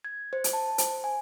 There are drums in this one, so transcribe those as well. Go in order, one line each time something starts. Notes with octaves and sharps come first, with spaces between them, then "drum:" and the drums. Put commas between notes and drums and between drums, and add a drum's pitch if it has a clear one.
G#6
C5
drum: hi-hat
A5
C5, drum: hi-hat
G#5